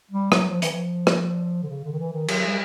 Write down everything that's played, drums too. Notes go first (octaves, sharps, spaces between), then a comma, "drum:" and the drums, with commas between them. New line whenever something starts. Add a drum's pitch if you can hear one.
G3
F#3, drum: rim click
F3
E3, drum: hi-hat
F3
drum: rim click
D3
C#3
D3
D#3
E3
D#3
F#3, drum: cymbal
G3